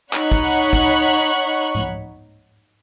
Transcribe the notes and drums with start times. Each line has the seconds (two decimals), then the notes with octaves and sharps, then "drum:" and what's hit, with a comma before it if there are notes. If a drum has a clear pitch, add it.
0.13 D#4 C#5 F#5 B5 C#6 F#6, drum: clap
0.32 drum: kick
0.73 drum: kick
1.75 drum: tom G#2